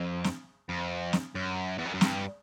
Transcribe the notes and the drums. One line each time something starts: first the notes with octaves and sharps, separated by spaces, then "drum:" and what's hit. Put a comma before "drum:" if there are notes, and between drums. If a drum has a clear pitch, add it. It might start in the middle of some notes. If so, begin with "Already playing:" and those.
Already playing: F2
drum: snare
F2
drum: snare
F#2
E2
F2
F#2
G2, drum: snare